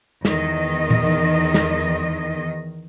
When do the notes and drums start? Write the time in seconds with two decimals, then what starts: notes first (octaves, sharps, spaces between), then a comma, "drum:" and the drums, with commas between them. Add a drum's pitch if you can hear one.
0.25 E2 D#3 D#5, drum: snare
0.90 drum: tom A#2
1.54 drum: snare